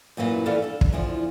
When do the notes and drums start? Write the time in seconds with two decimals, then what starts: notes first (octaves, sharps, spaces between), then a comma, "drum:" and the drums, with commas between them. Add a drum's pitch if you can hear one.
0.17 F#2 A#2 E3 A#3
0.46 F2 E3 B3 A4 D5 F5
0.62 D4 A4
0.81 drum: kick
0.92 E2 D3 E3 F3